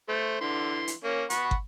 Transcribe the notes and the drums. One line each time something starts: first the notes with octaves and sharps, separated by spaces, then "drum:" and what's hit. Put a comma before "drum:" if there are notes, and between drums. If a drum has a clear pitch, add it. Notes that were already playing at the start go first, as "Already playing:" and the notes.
A3 C5
D3 E3 C6
drum: hi-hat
A#3 C#4
F#5 B5 C#6, drum: hi-hat
drum: kick